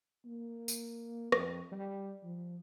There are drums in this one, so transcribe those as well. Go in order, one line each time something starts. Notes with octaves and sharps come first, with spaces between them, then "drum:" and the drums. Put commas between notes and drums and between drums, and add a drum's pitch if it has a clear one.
A#3
drum: tambourine
F2, drum: rim click
G3
F3